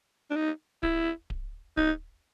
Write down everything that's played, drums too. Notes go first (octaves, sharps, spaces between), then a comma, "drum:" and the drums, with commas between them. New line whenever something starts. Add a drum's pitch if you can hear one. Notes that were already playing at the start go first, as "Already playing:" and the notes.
D4
D#4
E4, drum: kick D1
drum: kick D1
D#4, drum: kick D1